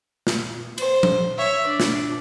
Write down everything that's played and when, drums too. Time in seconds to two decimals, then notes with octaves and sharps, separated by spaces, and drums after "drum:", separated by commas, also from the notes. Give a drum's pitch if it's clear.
0.27 drum: snare
0.78 C5, drum: cymbal
1.03 drum: tom F3
1.38 C#5 E5
1.67 D4
1.80 drum: snare